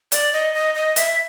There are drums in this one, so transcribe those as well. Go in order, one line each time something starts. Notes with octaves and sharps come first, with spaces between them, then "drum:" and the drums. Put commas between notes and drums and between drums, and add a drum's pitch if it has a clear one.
D5, drum: hi-hat
D#5
D#5
D#5
E5, drum: hi-hat